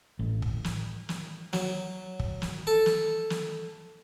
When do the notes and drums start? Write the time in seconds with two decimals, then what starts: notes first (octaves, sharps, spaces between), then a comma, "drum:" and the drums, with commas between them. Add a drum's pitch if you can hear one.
0.19 A1
0.42 drum: kick
0.64 drum: snare
1.09 drum: snare
1.53 F#3, drum: snare
2.19 drum: kick
2.42 drum: snare
2.67 A4
2.86 drum: snare
3.30 drum: snare